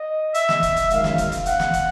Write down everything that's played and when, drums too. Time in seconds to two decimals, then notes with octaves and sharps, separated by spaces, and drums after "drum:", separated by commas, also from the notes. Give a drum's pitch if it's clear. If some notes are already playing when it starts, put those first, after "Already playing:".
Already playing: D#5
0.34 E5, drum: hi-hat
0.49 drum: snare
0.63 drum: kick, hi-hat
0.76 drum: kick, hi-hat
0.90 F#2 D#3 G#3 F5, drum: hi-hat
1.04 drum: snare
1.18 drum: kick, hi-hat
1.32 drum: kick, hi-hat
1.46 F#5, drum: hi-hat
1.60 drum: snare
1.73 drum: kick, hi-hat